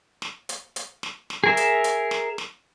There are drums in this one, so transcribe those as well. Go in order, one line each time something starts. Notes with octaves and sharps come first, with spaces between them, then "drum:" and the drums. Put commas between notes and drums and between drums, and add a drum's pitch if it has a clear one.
drum: snare
drum: hi-hat
drum: hi-hat
drum: snare
drum: snare
G#4 A#4 E5
drum: hi-hat
drum: hi-hat
drum: snare
drum: snare